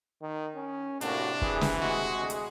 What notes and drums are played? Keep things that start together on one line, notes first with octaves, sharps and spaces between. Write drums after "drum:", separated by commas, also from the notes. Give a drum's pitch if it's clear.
D#3
C#4
A2 C3 A#3 D4 F#4, drum: hi-hat
E3 G#4, drum: kick
drum: snare
G#3 F#4 G#4
D2
drum: hi-hat